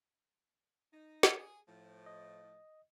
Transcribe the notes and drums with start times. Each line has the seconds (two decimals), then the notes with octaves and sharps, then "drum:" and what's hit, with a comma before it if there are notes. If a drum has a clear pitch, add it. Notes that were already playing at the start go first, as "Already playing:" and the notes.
0.94 D#4
1.23 drum: snare
1.39 G#4
1.69 A2 F3
2.06 D#5